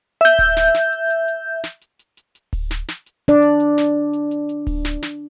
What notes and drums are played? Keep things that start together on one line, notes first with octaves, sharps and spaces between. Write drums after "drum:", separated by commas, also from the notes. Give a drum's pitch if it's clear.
E5 G6, drum: hi-hat
drum: kick D1, open hi-hat
drum: snare
drum: snare
drum: hi-hat
drum: hi-hat
drum: hi-hat
drum: snare
drum: hi-hat
drum: hi-hat
drum: hi-hat
drum: hi-hat
drum: kick D1, open hi-hat
drum: snare
drum: snare
drum: hi-hat
D4 D5
drum: hi-hat
drum: hi-hat
drum: snare
drum: hi-hat
drum: hi-hat
drum: hi-hat
drum: kick D1, open hi-hat
drum: snare
drum: snare